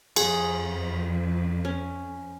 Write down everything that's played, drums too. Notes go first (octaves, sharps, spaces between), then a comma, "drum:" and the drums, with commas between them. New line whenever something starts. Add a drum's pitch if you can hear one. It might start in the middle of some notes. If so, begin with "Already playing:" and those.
F2 G#4, drum: cymbal
C#4